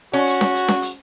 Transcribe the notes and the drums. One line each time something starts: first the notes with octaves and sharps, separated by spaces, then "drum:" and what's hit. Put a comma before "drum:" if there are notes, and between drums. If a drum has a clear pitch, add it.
C#4 F#4
drum: hi-hat
drum: snare C#4
drum: hi-hat
drum: snare C#4
drum: hi-hat